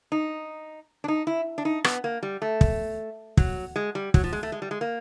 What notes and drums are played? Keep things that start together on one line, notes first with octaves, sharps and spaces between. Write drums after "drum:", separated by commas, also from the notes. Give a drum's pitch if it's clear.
D#4
D4
D#4
E4
D4
D#4
B3, drum: rim click
A#3
G3
A3
drum: kick
F#3, drum: kick
G#3
G3
F#3, drum: kick
F3
G#3
A3
G#3
G3
G#3
A#3